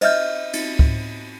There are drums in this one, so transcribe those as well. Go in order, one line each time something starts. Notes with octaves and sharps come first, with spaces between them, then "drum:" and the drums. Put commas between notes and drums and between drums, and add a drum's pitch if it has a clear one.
C5 D#5 E5 F6 G6, drum: cymbal
drum: cymbal
drum: kick